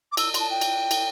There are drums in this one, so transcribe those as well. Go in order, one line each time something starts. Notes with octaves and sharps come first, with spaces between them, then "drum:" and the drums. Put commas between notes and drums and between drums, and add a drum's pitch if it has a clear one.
D6
E6, drum: cymbal
C6, drum: cymbal
A5
G5
drum: cymbal
drum: cymbal